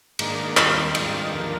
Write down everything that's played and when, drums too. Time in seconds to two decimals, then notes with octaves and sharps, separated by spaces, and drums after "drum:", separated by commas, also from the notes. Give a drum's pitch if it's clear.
0.19 G#2 D#3 A#3 D4, drum: cymbal
0.57 D#2 D#3 G3 C4, drum: clap
0.95 G#2 D#3 G3 D4 F4, drum: cymbal
1.32 D#2 D3 F3 A#3